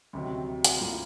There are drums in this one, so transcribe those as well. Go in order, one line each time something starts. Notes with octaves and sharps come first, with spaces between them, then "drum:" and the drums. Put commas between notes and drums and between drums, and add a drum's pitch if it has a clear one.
D2 C3 D#3 F#3
drum: hi-hat
A2 F3 A#3